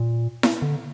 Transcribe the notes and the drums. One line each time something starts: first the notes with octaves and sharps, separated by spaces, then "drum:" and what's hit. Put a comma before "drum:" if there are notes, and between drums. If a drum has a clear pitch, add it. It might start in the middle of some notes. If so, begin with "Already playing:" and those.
Already playing: A#2
drum: snare E4
D3